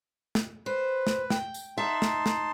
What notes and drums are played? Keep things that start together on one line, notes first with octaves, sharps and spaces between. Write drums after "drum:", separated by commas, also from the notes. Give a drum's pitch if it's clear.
drum: snare
B4 C5
drum: snare
G5, drum: snare
drum: tambourine
D#4 E5 F#5 A5 C6
drum: snare
drum: snare